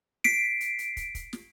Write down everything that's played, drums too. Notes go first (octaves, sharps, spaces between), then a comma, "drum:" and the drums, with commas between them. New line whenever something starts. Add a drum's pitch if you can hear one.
B6 C7 D7, drum: snare
drum: hi-hat
drum: hi-hat
drum: kick, hi-hat
drum: kick, hi-hat
drum: snare